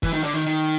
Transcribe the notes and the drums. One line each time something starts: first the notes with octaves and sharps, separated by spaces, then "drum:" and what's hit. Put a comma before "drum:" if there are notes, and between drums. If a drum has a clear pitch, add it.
E3, drum: kick
D#3
D3
D#3
D#3